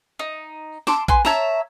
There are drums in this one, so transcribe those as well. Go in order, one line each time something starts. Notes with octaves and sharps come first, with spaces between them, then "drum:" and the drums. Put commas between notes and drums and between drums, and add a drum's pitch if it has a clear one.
D#4
A5 C6 D6 E6, drum: snare
B4 G#5 C6, drum: kick A#1
C#5 E5 A5 A#5, drum: snare